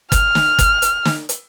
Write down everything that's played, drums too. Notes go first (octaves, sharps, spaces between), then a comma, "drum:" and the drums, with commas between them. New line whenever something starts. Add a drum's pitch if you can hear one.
F6, drum: kick, hi-hat
drum: snare
drum: kick, hi-hat
drum: hi-hat
drum: snare
drum: hi-hat